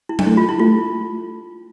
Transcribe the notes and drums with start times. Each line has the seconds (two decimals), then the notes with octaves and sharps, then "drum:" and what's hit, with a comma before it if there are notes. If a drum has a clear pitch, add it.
0.09 E4
0.19 D4, drum: tom F#3
0.26 A3 E4
0.37 F4
0.49 E4
0.59 A3 F4